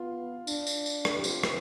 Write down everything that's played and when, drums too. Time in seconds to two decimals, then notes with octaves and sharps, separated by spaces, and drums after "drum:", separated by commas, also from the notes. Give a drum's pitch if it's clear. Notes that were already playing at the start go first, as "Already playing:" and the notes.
Already playing: B3 F4
0.47 D4, drum: tambourine
0.67 drum: tambourine
0.86 drum: tambourine
1.05 drum: rim click
1.16 G4
1.24 C4 F4, drum: tambourine
1.43 drum: rim click